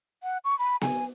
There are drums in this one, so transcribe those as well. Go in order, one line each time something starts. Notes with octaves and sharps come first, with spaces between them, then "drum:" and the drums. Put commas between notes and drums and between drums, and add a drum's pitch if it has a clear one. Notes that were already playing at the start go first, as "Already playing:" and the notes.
F#5
C#6
B5
G#5, drum: snare B3